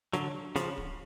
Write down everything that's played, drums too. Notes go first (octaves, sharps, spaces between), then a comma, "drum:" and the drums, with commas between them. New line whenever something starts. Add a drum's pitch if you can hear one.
D3 F#3, drum: snare
C#3 F3, drum: hi-hat
drum: kick